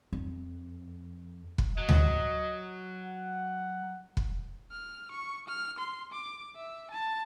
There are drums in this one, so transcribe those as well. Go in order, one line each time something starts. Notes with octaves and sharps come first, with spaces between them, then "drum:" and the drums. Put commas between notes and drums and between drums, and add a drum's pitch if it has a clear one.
F2
drum: kick
F#3 D#5
drum: tom D2
F#5
drum: kick
F6
C#6
F6
C6
D6
E5
A5